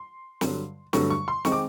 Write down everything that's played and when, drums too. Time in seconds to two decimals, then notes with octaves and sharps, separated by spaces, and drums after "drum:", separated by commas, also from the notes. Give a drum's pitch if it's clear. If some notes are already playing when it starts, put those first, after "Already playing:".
Already playing: C6
0.41 G2 D3 F#3, drum: snare
0.93 G2 D3 F#3 A3 C#6, drum: snare
1.10 C#6
1.28 C6
1.45 D#3 G#3 C4 D#4 C#6, drum: snare
1.52 D6